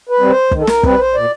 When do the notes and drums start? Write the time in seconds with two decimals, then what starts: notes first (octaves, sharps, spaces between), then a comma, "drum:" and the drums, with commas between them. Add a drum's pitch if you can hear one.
0.09 B4
0.20 G3 C4
0.30 C5
0.51 D#3, drum: kick
0.61 A4
0.67 A#4, drum: snare
0.83 G3 C4 B4, drum: kick
0.99 C5
1.15 A#2 D5